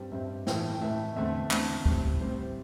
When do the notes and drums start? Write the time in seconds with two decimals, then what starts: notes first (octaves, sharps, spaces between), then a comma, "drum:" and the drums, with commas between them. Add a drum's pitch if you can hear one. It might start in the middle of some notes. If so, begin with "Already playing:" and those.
Already playing: G2 G3 C4 G5
0.12 G2 G3 C4 E5
0.47 A2 E3 A3 G5, drum: snare
0.75 G5
0.81 A2 E3 A3 E5
1.16 E2 D3 A3 C4 E5
1.51 E2 D3 A3 C4, drum: clap
1.86 A2 G3 C4, drum: kick
2.21 A2 G3 C4 C5